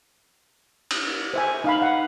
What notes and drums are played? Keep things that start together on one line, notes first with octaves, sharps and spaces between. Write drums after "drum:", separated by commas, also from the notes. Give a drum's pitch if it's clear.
drum: cymbal
C5 E5 G#5
D#4 F5 B5
F#5